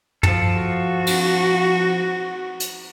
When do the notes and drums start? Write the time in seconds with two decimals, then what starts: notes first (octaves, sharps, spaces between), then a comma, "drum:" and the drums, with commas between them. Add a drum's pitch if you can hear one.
0.23 F3 A4, drum: tom
0.57 F#4
1.07 drum: cymbal
2.60 drum: hi-hat